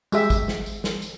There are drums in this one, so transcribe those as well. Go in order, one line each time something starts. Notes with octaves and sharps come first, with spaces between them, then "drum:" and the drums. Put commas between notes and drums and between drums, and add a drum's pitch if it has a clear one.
G#3 G4 E5, drum: tambourine
drum: kick G#1, tambourine
drum: snare
drum: tambourine
drum: snare
drum: tambourine